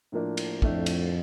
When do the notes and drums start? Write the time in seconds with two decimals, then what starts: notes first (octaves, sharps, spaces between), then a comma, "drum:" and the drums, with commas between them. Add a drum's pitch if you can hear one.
0.12 A2 F3 A#3 D4
0.37 drum: cymbal
0.62 F2 A2 A3 D4, drum: kick
0.86 drum: cymbal